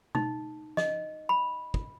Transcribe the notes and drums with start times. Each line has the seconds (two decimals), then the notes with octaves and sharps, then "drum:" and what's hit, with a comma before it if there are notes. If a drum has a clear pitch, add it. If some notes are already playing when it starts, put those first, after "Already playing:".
0.15 D#4, drum: tom B2
0.77 D#5, drum: snare
1.29 B5
1.74 drum: kick